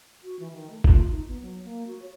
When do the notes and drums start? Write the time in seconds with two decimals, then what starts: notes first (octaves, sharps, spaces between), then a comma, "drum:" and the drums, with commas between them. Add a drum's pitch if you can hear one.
0.24 F#4
0.39 E3
0.53 D#3
0.70 A3
0.84 F4, drum: kick
1.11 D#4
1.28 B3
1.41 F#3
1.65 A#3
1.87 F#4
2.02 C#5